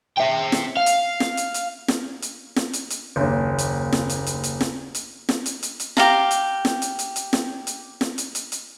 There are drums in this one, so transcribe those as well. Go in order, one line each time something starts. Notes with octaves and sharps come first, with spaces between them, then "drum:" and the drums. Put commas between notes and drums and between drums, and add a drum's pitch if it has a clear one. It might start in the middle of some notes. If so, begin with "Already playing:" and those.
E5 G5
drum: snare
F5
drum: hi-hat
drum: snare
drum: hi-hat
drum: hi-hat
drum: snare
drum: hi-hat
drum: snare
drum: hi-hat
drum: hi-hat
F#1 D#2
drum: hi-hat
drum: snare
drum: hi-hat
drum: hi-hat
drum: hi-hat
drum: snare
drum: hi-hat
drum: snare
drum: hi-hat
drum: hi-hat
drum: hi-hat
G4 F5 A#5, drum: snare
drum: hi-hat
drum: snare
drum: hi-hat
drum: hi-hat
drum: hi-hat
drum: snare
drum: hi-hat
drum: snare
drum: hi-hat
drum: hi-hat
drum: hi-hat